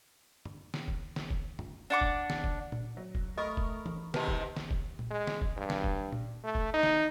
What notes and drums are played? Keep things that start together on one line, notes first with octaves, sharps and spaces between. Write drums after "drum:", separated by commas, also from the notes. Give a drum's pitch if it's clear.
drum: tom
drum: snare
drum: kick
drum: snare
drum: kick
drum: tom
D4 F#5 D6
drum: kick
drum: snare
drum: kick
drum: tom A#2
F#3
drum: kick
A3 A#4 D#5 B5 C#6 D#6
drum: kick
drum: tom E3
G#2 C3 D#3 G4 B4 A5, drum: snare
drum: kick
drum: snare
drum: kick
drum: tom A#2
G#3
drum: snare
drum: kick
G2
drum: snare
drum: kick
drum: tom A#2
A3
drum: kick
D#4
drum: snare